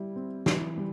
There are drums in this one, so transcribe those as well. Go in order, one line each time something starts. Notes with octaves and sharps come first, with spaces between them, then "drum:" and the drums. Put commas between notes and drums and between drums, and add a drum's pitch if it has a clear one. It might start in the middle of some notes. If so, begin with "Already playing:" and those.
Already playing: G3 E4
C4
E3, drum: snare
G3